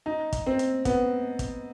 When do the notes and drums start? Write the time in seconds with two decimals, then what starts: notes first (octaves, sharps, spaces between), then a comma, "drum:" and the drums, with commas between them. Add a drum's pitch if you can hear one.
0.06 D#4
0.33 drum: kick, hi-hat
0.46 C4
0.59 drum: hi-hat
0.85 B3, drum: kick, hi-hat
1.39 drum: kick, hi-hat